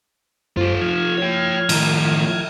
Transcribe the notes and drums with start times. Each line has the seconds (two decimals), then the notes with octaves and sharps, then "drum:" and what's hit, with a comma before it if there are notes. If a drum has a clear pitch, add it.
0.57 F#2 F4 G4 C5
0.81 F3 F6 G#6
1.18 C#5 G5
1.69 A2 D#3, drum: cymbal